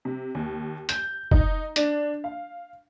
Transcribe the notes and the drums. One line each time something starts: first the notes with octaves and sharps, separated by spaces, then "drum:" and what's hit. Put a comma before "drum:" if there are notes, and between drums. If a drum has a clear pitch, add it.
C3
D#2
G6, drum: hi-hat
D#4, drum: kick F1
D4, drum: hi-hat
F5